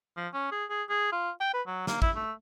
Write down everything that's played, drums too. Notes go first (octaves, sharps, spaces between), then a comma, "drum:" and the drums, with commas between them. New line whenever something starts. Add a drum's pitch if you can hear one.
F3
C#4
G#4
G#4
G#4
F4
G5
B4
F#3
A#3, drum: snare
E4, drum: kick
A3